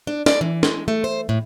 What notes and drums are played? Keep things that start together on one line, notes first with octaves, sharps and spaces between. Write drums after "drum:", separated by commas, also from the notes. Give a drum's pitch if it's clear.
D4
D5, drum: snare
E3
G#3, drum: snare
A3
C5
A2